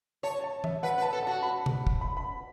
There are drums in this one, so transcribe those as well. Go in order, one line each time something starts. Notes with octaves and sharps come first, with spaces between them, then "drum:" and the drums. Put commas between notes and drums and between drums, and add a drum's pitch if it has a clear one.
C#5 A5
A5
E5, drum: tom E3
B4 F#5
B4
A5
A4
F#4 A5
B5
drum: tom C3
drum: kick
B5
B5